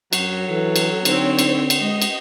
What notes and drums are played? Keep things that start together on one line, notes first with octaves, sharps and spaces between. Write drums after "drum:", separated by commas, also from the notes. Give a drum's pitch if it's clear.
F#2 F#3, drum: cymbal
E3 A4
drum: cymbal
D3 C4 D#4 C#5, drum: cymbal
drum: cymbal
drum: cymbal
G#3 D#5
drum: cymbal